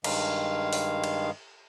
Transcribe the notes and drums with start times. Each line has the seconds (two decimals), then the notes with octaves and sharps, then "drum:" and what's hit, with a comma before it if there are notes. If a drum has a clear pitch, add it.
0.04 G2 D#3 G#3 F5, drum: cymbal
0.73 drum: open hi-hat
1.04 drum: cymbal